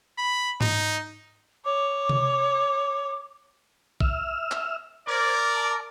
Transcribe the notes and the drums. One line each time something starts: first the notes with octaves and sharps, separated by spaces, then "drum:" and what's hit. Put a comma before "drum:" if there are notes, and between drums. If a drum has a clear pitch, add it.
B5
D#4, drum: tom G#2
C#5 D6
drum: tom C3
E5 E6 F6, drum: kick
drum: clap
A#4 C5 D5 D6 G#6
A5 D6